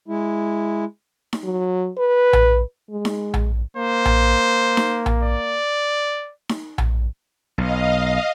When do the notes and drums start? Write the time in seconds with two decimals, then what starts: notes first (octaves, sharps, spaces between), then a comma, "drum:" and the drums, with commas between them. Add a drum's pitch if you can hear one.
0.08 G#3 E4
1.33 drum: snare D#4
1.44 F#3
1.98 B4
2.33 drum: tom A#1
2.91 G#3
3.05 drum: snare D#4
3.34 drum: tom A#1
3.77 A#3 C5
4.05 drum: tom A#1
4.77 drum: snare D#4
5.06 drum: tom A#1
5.23 D5
6.49 drum: snare D#4
6.78 drum: tom A#1
7.58 B1 D#5 F5